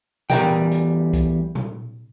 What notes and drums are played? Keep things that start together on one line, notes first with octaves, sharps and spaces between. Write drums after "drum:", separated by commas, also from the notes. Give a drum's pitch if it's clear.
E2 G3 A#4 G5, drum: tom A#2
drum: hi-hat
drum: kick C2, hi-hat
drum: tom A#2